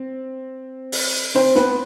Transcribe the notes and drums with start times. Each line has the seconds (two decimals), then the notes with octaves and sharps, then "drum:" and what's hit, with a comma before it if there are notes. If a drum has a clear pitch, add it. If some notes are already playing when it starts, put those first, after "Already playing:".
Already playing: C4
0.92 drum: open hi-hat
1.35 C4 C5
1.55 B3 B4, drum: snare